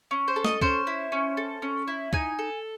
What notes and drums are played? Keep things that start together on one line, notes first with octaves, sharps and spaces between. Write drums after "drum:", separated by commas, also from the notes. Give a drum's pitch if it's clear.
C#4
C5
A4
D#5, drum: snare
C#4 C5, drum: kick
E4
C#4
A4
C#4
E4
D#4 G#5, drum: kick
A4